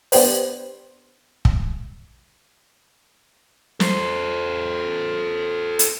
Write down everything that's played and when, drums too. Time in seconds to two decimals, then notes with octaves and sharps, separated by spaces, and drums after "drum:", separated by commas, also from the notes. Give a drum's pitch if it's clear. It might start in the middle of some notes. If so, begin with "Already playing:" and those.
0.12 B3 D4 G4 B4 C5, drum: open hi-hat
1.45 drum: kick
3.80 A4 C5, drum: snare
5.79 drum: hi-hat